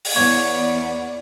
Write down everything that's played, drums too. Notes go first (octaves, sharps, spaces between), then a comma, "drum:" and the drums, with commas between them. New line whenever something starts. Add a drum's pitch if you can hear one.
drum: open hi-hat
E2 B3 C#5 D5